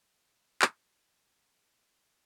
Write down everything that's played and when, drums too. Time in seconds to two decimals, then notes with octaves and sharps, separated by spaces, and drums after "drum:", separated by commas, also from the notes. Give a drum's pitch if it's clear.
0.21 G3
0.62 drum: clap
0.94 A3
1.30 G3